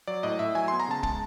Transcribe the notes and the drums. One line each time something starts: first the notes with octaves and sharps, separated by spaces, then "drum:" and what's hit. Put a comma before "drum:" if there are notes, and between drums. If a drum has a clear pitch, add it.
F#3 D5
A2 D#5
A2 E5
F#3 G#5
B3 C6
A#5
C#3 A5
G#3 A5, drum: kick